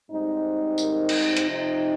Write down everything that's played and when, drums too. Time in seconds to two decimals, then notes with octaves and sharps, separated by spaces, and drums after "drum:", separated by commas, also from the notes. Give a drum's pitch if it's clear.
0.11 G#2 G3 C4 D#4
0.78 G4 A#4, drum: tambourine
1.09 drum: cymbal
1.37 drum: hi-hat
1.46 C3 F3 C4 D#4